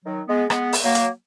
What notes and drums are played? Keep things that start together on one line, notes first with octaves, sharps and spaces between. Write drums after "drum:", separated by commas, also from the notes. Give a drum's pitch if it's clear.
D#3 F#3
G#3 B3
G#3 B3, drum: rim click
drum: open hi-hat
F#3 A#3
drum: hi-hat